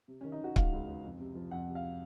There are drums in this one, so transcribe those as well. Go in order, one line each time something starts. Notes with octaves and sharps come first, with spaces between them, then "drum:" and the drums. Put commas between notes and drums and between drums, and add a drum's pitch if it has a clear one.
C3
C#4
D#3
D#4
D#3 F#4
G#3 F5, drum: kick C#1
C#2
C#2
F2
C3
F3
F2 F#5
C3
F5